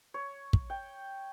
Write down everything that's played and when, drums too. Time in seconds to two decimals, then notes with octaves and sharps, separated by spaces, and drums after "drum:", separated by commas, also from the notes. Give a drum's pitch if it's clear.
0.14 C#5
0.53 drum: kick
0.70 G5